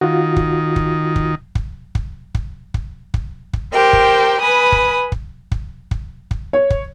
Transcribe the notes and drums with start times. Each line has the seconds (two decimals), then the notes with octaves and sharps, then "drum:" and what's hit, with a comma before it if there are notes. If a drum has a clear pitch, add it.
0.01 D#3 F4 F#4
0.36 drum: kick
0.76 drum: kick
1.16 drum: kick
1.55 drum: kick
1.95 drum: kick
2.35 drum: kick
2.74 drum: kick
3.14 drum: kick
3.53 drum: kick
3.73 G4 A#4 C5 G5
3.93 drum: kick
4.41 B4 G#5 B5 D#6
4.72 drum: kick
5.12 drum: kick
5.52 drum: kick
5.91 drum: kick
6.31 drum: kick
6.53 C#5
6.70 drum: kick